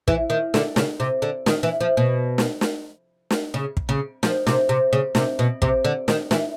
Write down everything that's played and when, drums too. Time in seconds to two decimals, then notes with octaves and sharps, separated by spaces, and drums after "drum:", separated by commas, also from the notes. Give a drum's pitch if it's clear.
0.08 E3, drum: kick
0.30 D#3
0.54 D3, drum: snare
0.76 C#3, drum: snare
1.00 C3
1.22 D3
1.46 D#3, drum: snare
1.63 E3
1.81 F3
1.97 B2
2.38 drum: snare
2.61 drum: snare
3.30 drum: snare
3.54 C#3
3.77 drum: kick
3.89 C#3
4.23 F3, drum: snare
4.47 C3, drum: snare
4.69 C3
4.93 C#3
5.15 C3, drum: snare
5.39 B2
5.62 C3, drum: kick
5.85 D3
6.08 D#3, drum: snare
6.31 E3, drum: snare